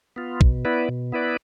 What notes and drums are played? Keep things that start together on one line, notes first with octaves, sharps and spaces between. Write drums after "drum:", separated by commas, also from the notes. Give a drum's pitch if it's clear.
B3 F4
B2, drum: kick
B3 E4 B4 D5
B2
B3 E4 B4 D5